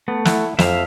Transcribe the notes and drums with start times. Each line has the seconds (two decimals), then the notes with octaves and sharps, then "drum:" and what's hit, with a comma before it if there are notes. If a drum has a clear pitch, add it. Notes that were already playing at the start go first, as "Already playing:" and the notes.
0.08 A3 B3
0.25 E4 F#5, drum: snare
0.59 F2 E5 F5, drum: snare